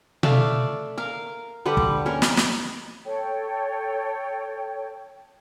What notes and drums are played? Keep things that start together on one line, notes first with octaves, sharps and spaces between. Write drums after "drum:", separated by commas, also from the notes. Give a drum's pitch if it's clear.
A3 D5 E5 F5, drum: tom B2
A#4 F5
D3 G3 B4 F#5
drum: kick
A#3 C#4 A#4
drum: snare
drum: snare
A4 C#5 G5